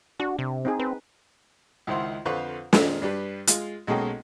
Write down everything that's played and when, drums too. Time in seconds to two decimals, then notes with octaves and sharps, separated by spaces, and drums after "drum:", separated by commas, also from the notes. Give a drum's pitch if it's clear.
0.20 D4 F#4
0.39 C3
0.65 C4 D#4 G#4
0.79 C4 B4
1.87 C#2 D#3 E4 C5 F#5 C6
2.25 F2 D3 B4 C5 F5 C#6
2.73 F2 A#2 D#3 G#3 C4, drum: snare
3.02 G2 D4 G4 B4
3.47 G#3 F4, drum: hi-hat
3.87 B1 G#3 A#3 C#4 A4 G5